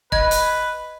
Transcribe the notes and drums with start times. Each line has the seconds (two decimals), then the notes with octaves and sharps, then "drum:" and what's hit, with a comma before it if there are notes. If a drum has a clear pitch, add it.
0.12 B4 D#5 G#6, drum: kick E1
0.31 drum: hi-hat